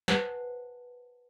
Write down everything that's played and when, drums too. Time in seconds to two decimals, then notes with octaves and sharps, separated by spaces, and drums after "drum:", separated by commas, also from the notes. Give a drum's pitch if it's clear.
0.08 B4 C5 F#5 G#5 A5, drum: snare